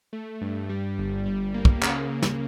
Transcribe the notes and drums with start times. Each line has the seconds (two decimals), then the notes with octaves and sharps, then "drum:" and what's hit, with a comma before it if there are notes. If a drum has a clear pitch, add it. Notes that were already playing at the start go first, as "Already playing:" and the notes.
0.13 A3
0.41 G2
0.69 G3
0.98 G1
1.26 G3
1.54 A#3
1.65 drum: kick
1.82 C#3, drum: clap
2.11 C#3
2.22 drum: snare